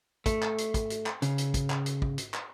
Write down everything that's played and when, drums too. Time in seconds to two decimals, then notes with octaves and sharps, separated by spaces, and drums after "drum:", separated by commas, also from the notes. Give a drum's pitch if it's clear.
0.26 A3, drum: kick, hi-hat
0.42 drum: clap
0.58 drum: hi-hat
0.74 drum: kick, hi-hat
0.90 drum: hi-hat
1.06 drum: clap
1.22 C#3, drum: hi-hat
1.38 drum: hi-hat
1.54 drum: kick, hi-hat
1.70 drum: clap
1.86 drum: hi-hat
2.02 drum: kick
2.18 drum: hi-hat
2.34 drum: clap